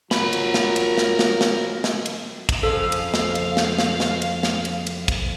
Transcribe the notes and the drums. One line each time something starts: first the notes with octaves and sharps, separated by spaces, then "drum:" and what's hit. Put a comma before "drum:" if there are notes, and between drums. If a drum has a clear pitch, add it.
F#3 F4 A#4 B5, drum: snare
drum: cymbal
drum: snare
drum: cymbal
drum: snare
drum: snare
drum: snare
drum: snare
drum: cymbal
drum: kick, cymbal
F2 C#3 F3 A4 F5
drum: cymbal
drum: snare
drum: cymbal
drum: snare
drum: snare
drum: snare
drum: cymbal
drum: snare
drum: cymbal
drum: cymbal
drum: kick, cymbal